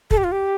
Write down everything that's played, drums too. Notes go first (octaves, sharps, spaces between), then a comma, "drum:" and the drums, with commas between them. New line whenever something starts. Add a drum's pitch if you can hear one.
A4, drum: kick
G4
F4
G4